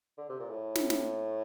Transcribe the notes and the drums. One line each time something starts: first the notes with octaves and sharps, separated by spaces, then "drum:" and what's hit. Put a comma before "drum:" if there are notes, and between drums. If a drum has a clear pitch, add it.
D3
C3
A#2
A2
drum: snare
drum: snare